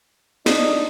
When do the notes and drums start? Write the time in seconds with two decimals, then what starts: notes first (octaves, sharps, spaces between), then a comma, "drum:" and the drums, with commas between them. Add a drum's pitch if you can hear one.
0.46 D4 D#4, drum: snare